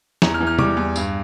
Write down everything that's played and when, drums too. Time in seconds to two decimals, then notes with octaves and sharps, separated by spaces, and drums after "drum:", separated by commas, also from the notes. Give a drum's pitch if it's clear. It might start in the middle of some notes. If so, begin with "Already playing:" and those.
0.22 E2 A#5, drum: snare
0.34 F6
0.40 E3
0.47 F6
0.59 G3 D6, drum: tom C3
0.77 E2
0.96 G2, drum: tambourine